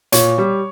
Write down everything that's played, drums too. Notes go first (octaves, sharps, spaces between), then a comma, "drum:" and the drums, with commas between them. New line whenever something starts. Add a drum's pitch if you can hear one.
A#2 C#5, drum: hi-hat
G3